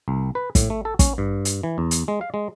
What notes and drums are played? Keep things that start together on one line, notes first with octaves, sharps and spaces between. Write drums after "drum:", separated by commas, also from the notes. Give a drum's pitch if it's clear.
C2
B4
A2, drum: kick, hi-hat
A3
A4
C#4, drum: kick, hi-hat
G2
drum: hi-hat
E3
E2
drum: hi-hat
G#3
F5
G#3